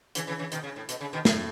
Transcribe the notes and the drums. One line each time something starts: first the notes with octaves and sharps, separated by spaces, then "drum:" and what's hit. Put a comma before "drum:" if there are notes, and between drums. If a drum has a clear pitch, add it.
C#3 E3, drum: hi-hat
C#3 E3
C#3 E3
B2 D#3, drum: hi-hat
C#3
A2
B2, drum: hi-hat
C#3
B2 D#3
A2, drum: snare